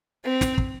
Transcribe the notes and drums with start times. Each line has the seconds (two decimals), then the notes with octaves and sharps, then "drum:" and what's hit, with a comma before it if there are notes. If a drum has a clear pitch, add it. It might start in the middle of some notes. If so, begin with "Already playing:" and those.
0.24 C4
0.41 drum: snare
0.58 drum: kick